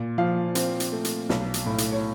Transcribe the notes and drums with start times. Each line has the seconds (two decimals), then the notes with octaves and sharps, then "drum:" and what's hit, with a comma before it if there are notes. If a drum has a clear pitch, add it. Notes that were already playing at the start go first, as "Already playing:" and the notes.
Already playing: A#2
0.18 F3 F5
0.55 C4, drum: hi-hat
0.80 drum: hi-hat
0.92 A3
1.05 drum: hi-hat
1.29 B1, drum: snare
1.54 drum: hi-hat
1.66 A2
1.78 drum: hi-hat
1.92 C#5